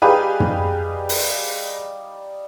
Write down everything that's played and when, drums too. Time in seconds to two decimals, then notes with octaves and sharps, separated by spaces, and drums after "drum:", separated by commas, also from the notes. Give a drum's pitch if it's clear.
0.02 G3 D#4 G4 G#4 B4 F5
0.40 drum: tom
1.09 drum: open hi-hat